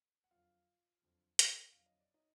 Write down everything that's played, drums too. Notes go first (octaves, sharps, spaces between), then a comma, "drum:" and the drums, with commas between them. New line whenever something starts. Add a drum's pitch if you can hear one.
F#5
F2 D3 F#3 F4 F5
F2 D3 F#3
drum: hi-hat
F2 D3 F#3 F5
D#5
D5
D#4 D#5